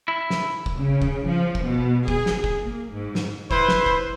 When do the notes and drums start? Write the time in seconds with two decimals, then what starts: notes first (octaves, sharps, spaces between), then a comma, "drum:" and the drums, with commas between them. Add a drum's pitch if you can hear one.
0.08 E4
0.30 drum: snare
0.66 drum: kick
0.78 C#3
1.02 drum: kick
1.28 F3
1.55 drum: kick
1.64 B2
2.08 G#4, drum: kick
2.26 drum: snare
2.44 drum: kick
2.61 A#3
2.93 G#2
3.15 drum: snare
3.51 E4 B4 C5, drum: kick
3.68 drum: snare
3.86 drum: kick